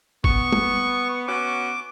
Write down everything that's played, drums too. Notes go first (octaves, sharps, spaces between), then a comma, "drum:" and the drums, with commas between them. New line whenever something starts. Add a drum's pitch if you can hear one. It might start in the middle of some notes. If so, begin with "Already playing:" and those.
B3 C#6, drum: kick G1
drum: tom
B3 C#4 F#4 D6